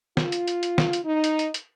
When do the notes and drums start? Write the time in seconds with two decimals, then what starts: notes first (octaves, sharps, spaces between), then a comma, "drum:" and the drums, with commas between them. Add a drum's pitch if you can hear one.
0.17 F4, drum: snare
0.32 drum: hi-hat
0.48 drum: hi-hat
0.63 drum: hi-hat
0.78 drum: snare
0.93 drum: hi-hat
1.04 D#4
1.24 drum: hi-hat
1.39 drum: hi-hat
1.54 drum: hi-hat